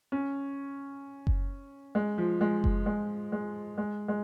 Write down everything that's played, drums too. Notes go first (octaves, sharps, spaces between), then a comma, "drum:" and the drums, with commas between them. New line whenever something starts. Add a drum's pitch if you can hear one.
C#4
drum: kick F#1
G#3
F3
G#3
drum: kick F#1
G#3
G#3
G#3
G#3